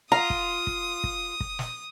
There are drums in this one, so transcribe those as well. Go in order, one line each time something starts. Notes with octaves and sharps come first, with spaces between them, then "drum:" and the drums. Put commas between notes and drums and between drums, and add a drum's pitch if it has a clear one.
F4 A#5 D#6
drum: kick
drum: kick
drum: kick
drum: kick
drum: snare